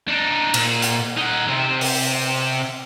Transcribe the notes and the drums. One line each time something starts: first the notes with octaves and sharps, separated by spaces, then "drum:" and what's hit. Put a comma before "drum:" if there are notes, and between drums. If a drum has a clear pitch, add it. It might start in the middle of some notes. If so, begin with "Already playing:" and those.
D4 D#4
A#2, drum: cymbal
drum: hi-hat
D#4 F#5
C3 C4
drum: open hi-hat